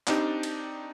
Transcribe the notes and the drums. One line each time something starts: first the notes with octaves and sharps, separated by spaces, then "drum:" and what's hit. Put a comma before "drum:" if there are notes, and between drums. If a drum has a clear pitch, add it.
C4 D4 D#4 G4 D5, drum: clap
drum: cymbal